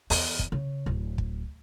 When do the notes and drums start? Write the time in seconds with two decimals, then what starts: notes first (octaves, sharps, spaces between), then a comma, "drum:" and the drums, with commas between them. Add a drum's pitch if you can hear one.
0.10 E2, drum: open hi-hat
0.39 drum: kick
0.52 C#3
0.86 D1
1.18 drum: kick